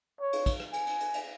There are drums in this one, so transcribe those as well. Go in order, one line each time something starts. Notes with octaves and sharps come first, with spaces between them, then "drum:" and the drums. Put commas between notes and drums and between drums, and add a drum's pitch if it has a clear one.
C#5
drum: cymbal
drum: kick, cymbal
drum: rim click
G#5, drum: cymbal
drum: cymbal
drum: cymbal
drum: cymbal